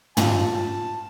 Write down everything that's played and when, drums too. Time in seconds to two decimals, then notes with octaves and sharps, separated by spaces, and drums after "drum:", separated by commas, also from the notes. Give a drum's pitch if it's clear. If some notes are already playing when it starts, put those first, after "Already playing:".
0.17 F4 A5, drum: tom